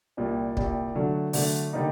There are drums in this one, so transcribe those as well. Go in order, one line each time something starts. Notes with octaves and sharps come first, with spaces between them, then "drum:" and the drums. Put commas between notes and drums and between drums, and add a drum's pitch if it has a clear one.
C2 A#2 G3
C2 A#2 G3, drum: kick
D3 F#3 A3 D4
D3 F#3 A3 D4, drum: open hi-hat
D3 G3 A#3 D#4